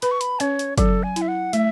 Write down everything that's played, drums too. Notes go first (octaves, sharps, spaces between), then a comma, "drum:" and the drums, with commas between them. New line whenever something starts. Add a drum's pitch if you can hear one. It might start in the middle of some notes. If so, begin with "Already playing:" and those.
B4 B5, drum: hi-hat
C#6
B5, drum: hi-hat
C#4 C#5, drum: hi-hat
drum: hi-hat
F#3 A4, drum: kick, hi-hat
G#5
E4, drum: hi-hat
E5
F#5
A3 E5, drum: hi-hat